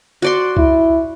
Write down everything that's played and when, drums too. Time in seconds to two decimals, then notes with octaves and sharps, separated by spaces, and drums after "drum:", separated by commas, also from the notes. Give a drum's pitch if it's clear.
0.22 F#4 D5 C6
0.57 E4, drum: kick C#2